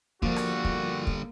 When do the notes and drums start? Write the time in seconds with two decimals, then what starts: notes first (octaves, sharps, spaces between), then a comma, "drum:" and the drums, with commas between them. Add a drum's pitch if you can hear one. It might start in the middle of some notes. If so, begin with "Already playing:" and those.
0.22 D3 F3 G3 A#3 F4 F#4, drum: kick
0.36 drum: rim click
0.65 drum: kick
1.07 drum: kick